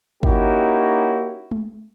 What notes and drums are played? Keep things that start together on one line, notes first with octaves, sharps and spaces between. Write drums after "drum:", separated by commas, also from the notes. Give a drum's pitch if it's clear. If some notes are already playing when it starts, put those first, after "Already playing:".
A#3 C#4 D#4 E4 F#4 G4, drum: kick
drum: tom G#3